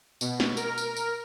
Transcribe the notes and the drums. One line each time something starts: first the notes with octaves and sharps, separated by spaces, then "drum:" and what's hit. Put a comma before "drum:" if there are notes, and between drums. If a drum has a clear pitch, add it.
B2, drum: tambourine
drum: snare
A#4, drum: tambourine
drum: tambourine
drum: tambourine